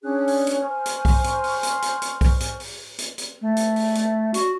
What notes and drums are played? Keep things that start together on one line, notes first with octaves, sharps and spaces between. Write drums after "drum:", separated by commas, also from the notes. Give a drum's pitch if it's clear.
C#4 D4 G#4 F#6
drum: open hi-hat
drum: hi-hat
C5 G#5 C#6 F6
drum: hi-hat
drum: kick B1, open hi-hat
drum: hi-hat
drum: open hi-hat
drum: hi-hat
drum: hi-hat
drum: hi-hat
drum: kick B1, open hi-hat
drum: hi-hat
drum: open hi-hat
drum: hi-hat
drum: hi-hat
A3
drum: hi-hat
drum: open hi-hat
drum: hi-hat
F#4, drum: hi-hat